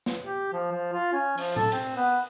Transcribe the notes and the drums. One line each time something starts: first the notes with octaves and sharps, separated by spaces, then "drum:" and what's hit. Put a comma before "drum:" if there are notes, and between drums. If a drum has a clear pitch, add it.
drum: snare
G4
F3
F3
F4
C#4
F3, drum: cymbal
A4, drum: tom A2
C4, drum: cymbal
B3